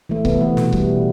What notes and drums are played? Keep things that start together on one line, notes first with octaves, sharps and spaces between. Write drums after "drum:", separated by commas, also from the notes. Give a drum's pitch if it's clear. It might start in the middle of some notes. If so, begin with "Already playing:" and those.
E3 A3
C3 B3, drum: kick C#1
E3 A3
B2, drum: snare
G3, drum: kick C#1
B2